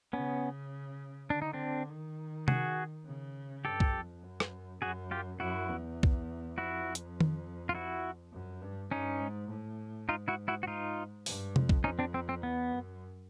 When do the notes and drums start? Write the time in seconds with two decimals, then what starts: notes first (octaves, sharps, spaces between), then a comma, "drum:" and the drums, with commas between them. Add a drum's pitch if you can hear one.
0.13 C#3 B3 C#4
1.30 D3 D4
1.42 D#4
1.53 C4 D4
1.89 D#3
2.48 F#4 G#4, drum: tom C3
3.06 C#3
3.65 G2 G4 A4
3.80 drum: kick B1
3.94 F2
4.24 F#2
4.40 drum: rim click
4.82 F#2 F#4 G#4
5.11 F4 G4
5.40 F#2 E4 F#4
5.70 E2
6.03 drum: kick B1
6.58 F2 E4 F#4
6.95 drum: hi-hat
7.21 drum: tom D#3
7.69 F4
7.75 E4 F#4
8.33 F#2
8.62 G2
8.91 G2 C#4 D#4
9.21 G#2
9.50 A2
10.09 G#2 D#4 F4
10.28 E4 F#4
10.48 E4 F#4
10.63 F#4
10.67 D#4 F4
11.26 G2, drum: open hi-hat
11.56 F2, drum: tom C3
11.69 drum: kick B1
11.84 F2 C#4 D#4
11.99 C4 D4
12.14 C4
12.29 C4
12.43 E2 B3
12.72 F#2